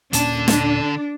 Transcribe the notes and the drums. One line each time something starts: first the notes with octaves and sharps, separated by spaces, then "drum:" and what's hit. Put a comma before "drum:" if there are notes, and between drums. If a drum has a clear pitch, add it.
D#1 A#2 D3 C#4 D4 A5, drum: hi-hat
drum: snare